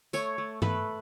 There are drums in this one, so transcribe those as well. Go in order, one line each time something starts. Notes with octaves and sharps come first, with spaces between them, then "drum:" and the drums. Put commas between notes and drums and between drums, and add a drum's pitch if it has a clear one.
A3 C#5, drum: tambourine
A3
A3 B4, drum: tom G2